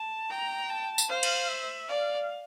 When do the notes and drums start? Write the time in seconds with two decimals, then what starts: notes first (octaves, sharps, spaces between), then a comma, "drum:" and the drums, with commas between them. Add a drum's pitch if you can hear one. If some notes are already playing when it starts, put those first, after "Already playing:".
Already playing: A5
0.30 G5 A#5
0.70 A5
0.98 drum: tambourine
1.09 C5 F5
1.23 drum: cymbal
1.49 E5
1.88 D5 F5